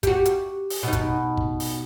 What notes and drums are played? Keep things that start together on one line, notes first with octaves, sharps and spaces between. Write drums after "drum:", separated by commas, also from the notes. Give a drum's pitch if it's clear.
F#4 G4, drum: kick, hi-hat
drum: hi-hat
drum: open hi-hat
B2 D#4
drum: kick, hi-hat
drum: kick
drum: open hi-hat